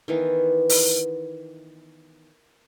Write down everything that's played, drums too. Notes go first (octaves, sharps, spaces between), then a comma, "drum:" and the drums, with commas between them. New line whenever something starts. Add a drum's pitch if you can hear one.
D#3 E3 B3
drum: open hi-hat